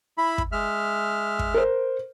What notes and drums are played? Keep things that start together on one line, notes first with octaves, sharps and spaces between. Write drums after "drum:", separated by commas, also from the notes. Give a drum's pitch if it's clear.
E4 B5
drum: kick
G#3 E5 F6
drum: kick
A#4 C5